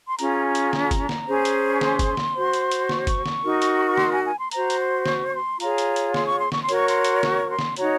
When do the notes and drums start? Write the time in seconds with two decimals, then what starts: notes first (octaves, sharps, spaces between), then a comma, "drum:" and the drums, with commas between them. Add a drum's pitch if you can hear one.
0.07 C6
0.19 C#4 F4 G#4 A#5, drum: hi-hat
0.46 A#5
0.55 drum: hi-hat
0.73 drum: snare
0.91 drum: kick, hi-hat
1.09 drum: snare
1.27 C#4 G#4 C5
1.45 drum: hi-hat
1.70 C#6
1.81 C6, drum: snare
1.99 drum: kick, hi-hat
2.17 drum: snare
2.35 F#4 C5
2.53 drum: hi-hat
2.71 drum: hi-hat
2.89 C#6, drum: snare
3.07 C#6, drum: kick, hi-hat
3.26 drum: snare
3.44 D#4 F#4 A#4
3.62 drum: hi-hat
3.86 C#6
3.98 C6, drum: snare
4.11 G#5
4.25 G#5
4.39 C6
4.51 F#4 C5 A#5, drum: hi-hat
4.70 drum: hi-hat
4.79 C6
5.06 C#6, drum: snare
5.29 C#6
5.34 C6
5.60 F4 G#4 C#5 A#5, drum: hi-hat
5.78 drum: hi-hat
5.96 drum: hi-hat
6.14 C6, drum: snare
6.27 C#6
6.39 C6
6.52 C#6, drum: snare
6.63 C6
6.69 F#4 A#4 C#5, drum: hi-hat
6.75 C#6
6.88 C6, drum: hi-hat
7.05 drum: hi-hat
7.23 C#6, drum: snare
7.50 C6
7.59 drum: snare
7.76 D#4 F#4 C#5 A#5, drum: hi-hat